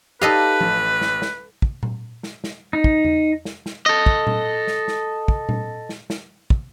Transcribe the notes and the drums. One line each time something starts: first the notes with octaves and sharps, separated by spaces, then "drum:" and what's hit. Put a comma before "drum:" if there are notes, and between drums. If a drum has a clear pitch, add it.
D#4 G4 A4 B4 D#5 F5
A1, drum: tom F3
drum: snare
drum: snare
drum: kick
drum: tom A#2
drum: snare
drum: snare
D#4
drum: kick
drum: tom E2
drum: snare
drum: snare
A4 D#5
drum: kick
drum: tom A#2
drum: snare
drum: snare
drum: kick
drum: tom A#2
drum: snare
drum: snare
drum: kick